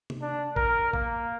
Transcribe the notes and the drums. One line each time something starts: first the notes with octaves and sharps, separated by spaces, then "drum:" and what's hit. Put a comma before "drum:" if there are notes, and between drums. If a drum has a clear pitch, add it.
drum: tom C3
D4
A#4, drum: kick A1
A#3, drum: kick A1